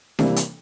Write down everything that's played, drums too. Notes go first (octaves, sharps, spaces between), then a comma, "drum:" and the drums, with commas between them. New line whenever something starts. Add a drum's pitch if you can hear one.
C3 E3 G3 A#3, drum: snare D4
drum: hi-hat